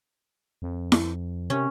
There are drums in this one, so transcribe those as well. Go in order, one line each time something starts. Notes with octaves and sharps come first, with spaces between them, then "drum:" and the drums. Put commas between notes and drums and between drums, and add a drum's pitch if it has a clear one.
F2
drum: snare E4
C3 C#4